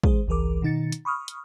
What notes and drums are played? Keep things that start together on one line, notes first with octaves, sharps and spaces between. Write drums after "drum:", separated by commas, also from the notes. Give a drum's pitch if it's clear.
G#3 G#4 C5, drum: kick
G#1 C#2 E3 G#4 A#4 D6
B2 D#3 D#4 A6 C#7
drum: hi-hat
B5 C#6 D#6 F6
drum: hi-hat